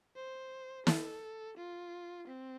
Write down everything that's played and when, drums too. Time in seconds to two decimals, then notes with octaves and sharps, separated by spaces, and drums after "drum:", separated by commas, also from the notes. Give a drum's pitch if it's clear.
0.16 C5
0.87 A4, drum: snare
1.57 F4
2.28 C4